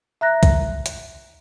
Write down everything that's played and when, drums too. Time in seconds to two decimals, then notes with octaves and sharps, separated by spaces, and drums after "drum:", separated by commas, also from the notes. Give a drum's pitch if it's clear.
0.21 E5 A#5 F#6 A#6
0.43 drum: kick, hi-hat
0.86 drum: hi-hat